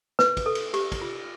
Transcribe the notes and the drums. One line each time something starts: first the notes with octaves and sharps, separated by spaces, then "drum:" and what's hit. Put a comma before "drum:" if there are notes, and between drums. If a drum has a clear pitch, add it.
B4, drum: snare
drum: kick, cymbal
A4
drum: cymbal
G4, drum: cymbal
drum: kick, cymbal
F4